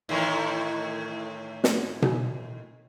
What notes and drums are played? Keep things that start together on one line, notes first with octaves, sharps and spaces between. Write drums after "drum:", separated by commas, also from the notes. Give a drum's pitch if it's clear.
A2 D#3 E3
drum: snare
drum: tom B2